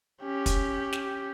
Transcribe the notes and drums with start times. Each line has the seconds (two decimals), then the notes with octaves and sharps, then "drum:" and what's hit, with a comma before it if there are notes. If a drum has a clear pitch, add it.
0.22 C#4 G4
0.46 drum: kick, hi-hat
0.93 drum: snare